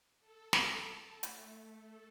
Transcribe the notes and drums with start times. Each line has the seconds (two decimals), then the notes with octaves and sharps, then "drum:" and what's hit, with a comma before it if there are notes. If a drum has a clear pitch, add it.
0.20 A4
0.53 A4, drum: snare
0.90 A5
1.23 A3, drum: hi-hat
1.75 A4